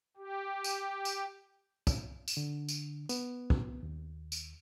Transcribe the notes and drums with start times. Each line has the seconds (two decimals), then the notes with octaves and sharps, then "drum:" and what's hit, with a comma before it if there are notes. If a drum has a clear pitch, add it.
0.17 G4
0.64 drum: tambourine
1.05 drum: tambourine
1.87 drum: kick, tambourine
2.28 drum: tambourine
2.37 D3
2.69 drum: tambourine
3.09 B3, drum: tambourine
3.50 drum: kick
3.83 D#2
4.32 drum: tambourine